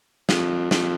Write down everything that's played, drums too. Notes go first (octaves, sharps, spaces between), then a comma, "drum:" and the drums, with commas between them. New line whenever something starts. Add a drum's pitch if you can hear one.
F2, drum: snare
F2, drum: snare